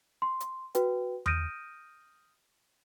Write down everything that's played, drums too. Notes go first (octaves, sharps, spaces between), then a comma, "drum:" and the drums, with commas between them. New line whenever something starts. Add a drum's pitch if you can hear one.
C6
drum: hi-hat
F#4 B4 G5, drum: hi-hat
D#6 F6 G6 A#6 D7 D#7, drum: tom E2